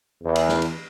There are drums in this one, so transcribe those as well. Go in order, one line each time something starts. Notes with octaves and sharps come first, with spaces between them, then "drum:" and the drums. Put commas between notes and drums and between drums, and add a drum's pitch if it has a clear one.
E2
drum: cymbal
drum: snare
drum: cymbal